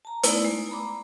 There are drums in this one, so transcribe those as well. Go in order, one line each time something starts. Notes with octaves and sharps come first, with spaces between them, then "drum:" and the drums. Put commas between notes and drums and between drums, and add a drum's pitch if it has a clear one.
A5 A#5
A3 B3 D#4 E4 D5, drum: hi-hat
G#3
A#5 B5 D6